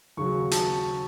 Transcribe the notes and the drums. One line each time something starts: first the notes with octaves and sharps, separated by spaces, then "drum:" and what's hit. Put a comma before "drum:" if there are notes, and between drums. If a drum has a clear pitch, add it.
D#2 C#3 F#3 C#6
A5, drum: hi-hat